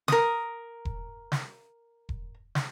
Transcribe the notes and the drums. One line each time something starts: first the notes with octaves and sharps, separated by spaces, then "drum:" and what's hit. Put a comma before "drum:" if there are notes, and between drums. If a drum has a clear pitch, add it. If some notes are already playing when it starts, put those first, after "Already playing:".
A#4 D#6, drum: snare
drum: kick E1
drum: snare
drum: kick E1
drum: snare